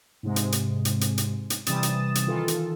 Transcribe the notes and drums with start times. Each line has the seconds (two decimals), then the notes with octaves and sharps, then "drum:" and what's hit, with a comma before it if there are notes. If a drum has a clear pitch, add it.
0.23 G#2 C3 G#3
0.36 drum: hi-hat
0.52 drum: hi-hat
0.85 drum: hi-hat
1.01 drum: hi-hat
1.18 drum: hi-hat
1.50 drum: hi-hat
1.66 C3 E3 G3 D#6 A6 E7, drum: hi-hat
1.83 drum: hi-hat
2.15 drum: hi-hat
2.27 D#3 E3 F4 A4
2.48 drum: hi-hat